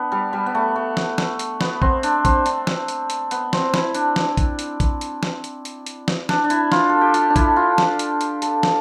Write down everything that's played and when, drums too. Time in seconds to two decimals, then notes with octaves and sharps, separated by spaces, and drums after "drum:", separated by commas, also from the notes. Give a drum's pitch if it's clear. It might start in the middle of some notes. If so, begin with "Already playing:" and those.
Already playing: B3 D4
0.12 G3
0.33 G3
0.46 B3
0.55 A3
0.76 A3
0.97 drum: snare
1.18 drum: snare
1.39 drum: hi-hat
1.61 B3, drum: snare
1.82 C4, drum: kick A#1
2.03 D4, drum: hi-hat
2.25 C4, drum: kick A#1, hi-hat
2.46 D4, drum: hi-hat
2.67 drum: snare
2.88 drum: hi-hat
3.10 drum: hi-hat
3.31 B3, drum: hi-hat
3.53 C4, drum: snare
3.74 E4, drum: snare
3.95 D4, drum: hi-hat
4.16 drum: snare
4.37 drum: kick A#1, hi-hat
4.59 drum: hi-hat
4.80 drum: kick A#1, hi-hat
5.01 drum: hi-hat
5.23 drum: snare
5.44 drum: hi-hat
5.65 drum: hi-hat
5.86 drum: hi-hat
6.08 drum: snare
6.29 D4, drum: snare
6.44 D4
6.50 E4, drum: hi-hat
6.72 F4, drum: snare
6.89 A4
7.01 G4
7.14 F4, drum: hi-hat
7.30 D4
7.36 E4, drum: kick A#1, hi-hat
7.56 F4
7.78 drum: snare
7.99 drum: hi-hat
8.21 drum: hi-hat
8.42 A4, drum: hi-hat
8.63 drum: snare